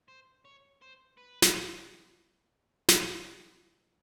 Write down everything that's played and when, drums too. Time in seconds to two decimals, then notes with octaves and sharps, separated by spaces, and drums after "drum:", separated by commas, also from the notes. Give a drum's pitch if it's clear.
0.08 C5
0.45 C#5
0.82 C5
1.17 B4
1.42 drum: snare
2.88 drum: snare